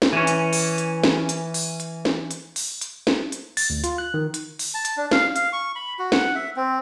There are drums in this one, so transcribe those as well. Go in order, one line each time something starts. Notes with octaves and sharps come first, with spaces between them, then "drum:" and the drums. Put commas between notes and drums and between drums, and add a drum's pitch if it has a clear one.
drum: snare
E3 C#4
drum: hi-hat
drum: open hi-hat
drum: hi-hat
drum: snare
drum: hi-hat
drum: open hi-hat
drum: hi-hat
drum: snare
drum: hi-hat
drum: open hi-hat
drum: hi-hat
drum: snare
drum: hi-hat
A6, drum: open hi-hat
D2
F4, drum: hi-hat
F#6
D#3
drum: hi-hat
drum: open hi-hat
A5
drum: hi-hat
D4
F5, drum: snare
F5, drum: hi-hat
C#6
B5
F#4
F#5, drum: snare
E5
C4